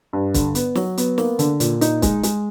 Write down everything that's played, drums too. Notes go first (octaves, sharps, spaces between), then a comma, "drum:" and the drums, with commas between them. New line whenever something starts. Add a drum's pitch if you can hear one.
G2
D3, drum: kick, hi-hat
B3, drum: hi-hat
F#3, drum: snare
B3, drum: hi-hat
A#3, drum: snare
D3, drum: hi-hat
A#2, drum: hi-hat
D#4, drum: hi-hat
G#3, drum: kick, hi-hat
G#3, drum: hi-hat